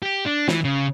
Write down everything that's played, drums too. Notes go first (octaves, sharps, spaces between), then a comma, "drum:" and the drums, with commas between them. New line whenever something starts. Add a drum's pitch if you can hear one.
G4
D4
E3, drum: snare
C#3